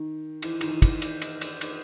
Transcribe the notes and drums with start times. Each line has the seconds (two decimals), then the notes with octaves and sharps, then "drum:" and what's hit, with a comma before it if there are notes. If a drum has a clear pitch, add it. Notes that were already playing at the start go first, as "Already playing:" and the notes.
Already playing: D#3
0.42 E3, drum: cymbal
0.61 D#3, drum: cymbal
0.69 E3
0.82 drum: kick, cymbal
1.02 drum: cymbal
1.22 drum: cymbal
1.41 drum: cymbal
1.61 drum: cymbal